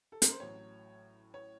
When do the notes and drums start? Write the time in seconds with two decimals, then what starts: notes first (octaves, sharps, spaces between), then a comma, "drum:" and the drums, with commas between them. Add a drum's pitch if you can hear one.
0.12 A4
0.22 A#4, drum: hi-hat
0.31 C5
0.40 A1 A2 F#3 C#5
1.34 C#5